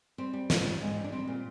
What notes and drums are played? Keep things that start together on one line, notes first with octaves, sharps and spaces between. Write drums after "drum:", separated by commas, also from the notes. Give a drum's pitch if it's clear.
G3 C4
G3
G#2, drum: snare
G3
G#2
G3
D4
G3 C4
A#2